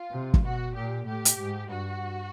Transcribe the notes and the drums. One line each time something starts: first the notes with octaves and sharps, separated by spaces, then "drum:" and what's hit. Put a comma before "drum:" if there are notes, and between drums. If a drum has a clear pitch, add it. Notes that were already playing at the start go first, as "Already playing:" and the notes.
Already playing: F4
C3
drum: kick
B2 F#4
A#2 G4
A2 G4
drum: hi-hat
G#2
G2 F#4